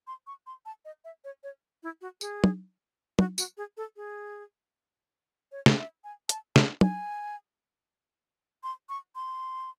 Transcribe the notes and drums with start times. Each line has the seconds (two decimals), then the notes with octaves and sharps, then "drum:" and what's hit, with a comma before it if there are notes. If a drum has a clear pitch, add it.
0.07 C6
0.27 C#6
0.47 C6
0.66 A5
0.85 D#5
1.05 E5
1.24 C#5
1.43 C#5
1.83 E4
2.01 F#4
2.21 G#4, drum: tambourine
2.44 drum: tom
3.19 F#4, drum: tom
3.38 F#4, drum: tambourine
3.57 G#4
3.77 A4
3.96 G#4
5.52 C#5
5.66 drum: snare
5.78 E5
6.04 G#5
6.29 A5, drum: hi-hat
6.56 A5, drum: snare
6.81 G#5, drum: tom
8.63 C6
8.89 C#6
9.15 C6